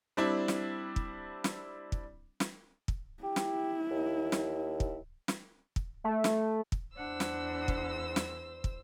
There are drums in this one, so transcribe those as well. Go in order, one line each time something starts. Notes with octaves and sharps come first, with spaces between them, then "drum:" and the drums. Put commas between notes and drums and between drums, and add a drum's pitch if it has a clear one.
G3 C4 D4 E4
drum: snare
drum: kick
drum: snare
drum: kick
drum: snare
drum: kick
E4 G4
drum: snare
D#2
drum: snare
drum: kick
drum: snare
drum: kick
A3
drum: snare
drum: kick
E2 D4 C5 F#5 E6
drum: snare
drum: kick
drum: snare
drum: kick